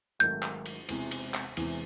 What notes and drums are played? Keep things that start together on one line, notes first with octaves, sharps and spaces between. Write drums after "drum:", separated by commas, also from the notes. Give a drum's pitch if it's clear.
G#1 G#2 D#3 F#3 A3 G6
drum: clap
drum: cymbal
E1 E2 C3 E3 G#3, drum: cymbal
drum: cymbal
drum: clap
E1 E2 C3 E3 G#3, drum: cymbal